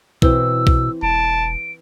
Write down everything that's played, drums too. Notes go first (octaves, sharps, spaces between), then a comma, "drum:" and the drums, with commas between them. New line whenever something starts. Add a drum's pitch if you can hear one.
B2 E3 C4 E6, drum: kick B1
drum: kick B1
E1 A5 D7